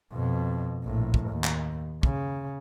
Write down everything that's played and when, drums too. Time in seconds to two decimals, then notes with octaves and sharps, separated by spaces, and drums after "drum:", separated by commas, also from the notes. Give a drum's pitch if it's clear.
0.13 F2 B2
0.84 A#1 A2
1.14 drum: kick
1.28 D#2
1.44 drum: clap
2.03 C#3, drum: kick